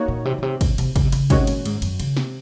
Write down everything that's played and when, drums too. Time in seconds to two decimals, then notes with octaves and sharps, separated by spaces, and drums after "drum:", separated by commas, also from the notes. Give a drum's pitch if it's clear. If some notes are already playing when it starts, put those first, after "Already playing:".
Already playing: A#3 D#4 F#4 C#5
0.08 A#2
0.25 C3
0.38 A#2
0.43 C3
0.61 C3, drum: kick, cymbal
0.78 C3, drum: cymbal
0.96 C#3, drum: kick, cymbal
1.05 C3
1.12 C#3, drum: cymbal
1.30 C3 D#3 G#3 C#4 F#4 C#5, drum: kick, cymbal
1.47 A#2, drum: cymbal
1.65 G#2, drum: cymbal
1.82 F#2, drum: cymbal
2.00 C#3, drum: cymbal
2.17 C3, drum: snare